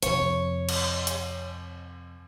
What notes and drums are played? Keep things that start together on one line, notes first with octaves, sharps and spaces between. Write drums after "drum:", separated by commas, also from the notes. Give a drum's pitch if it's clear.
F2 C3 C#5, drum: hi-hat
drum: cymbal
drum: hi-hat